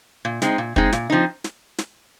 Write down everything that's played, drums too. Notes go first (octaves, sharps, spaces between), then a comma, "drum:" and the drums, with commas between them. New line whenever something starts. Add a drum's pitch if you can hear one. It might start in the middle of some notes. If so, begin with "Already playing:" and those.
A#2
G#3 C4 D#4, drum: snare
A#2
G#3 C4 D#4, drum: kick
A#2, drum: snare
F3 C4 D#4
drum: snare
drum: snare